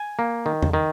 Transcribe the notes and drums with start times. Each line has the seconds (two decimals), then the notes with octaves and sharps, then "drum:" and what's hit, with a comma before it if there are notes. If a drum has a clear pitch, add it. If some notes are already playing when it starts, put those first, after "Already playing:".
Already playing: G#5
0.19 A#3
0.46 D#3
0.63 drum: tom E2
0.73 D#3